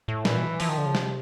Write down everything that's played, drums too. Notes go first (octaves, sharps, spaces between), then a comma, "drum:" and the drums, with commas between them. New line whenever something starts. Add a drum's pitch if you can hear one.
A2
A#2 E3, drum: snare
B2
E3 F3, drum: open hi-hat
D#3
D3
C#3
C3, drum: snare